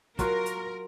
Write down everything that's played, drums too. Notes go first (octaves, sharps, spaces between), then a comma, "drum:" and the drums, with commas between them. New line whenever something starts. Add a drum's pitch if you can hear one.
F#3 F4 F#4 A#4, drum: kick, hi-hat
drum: hi-hat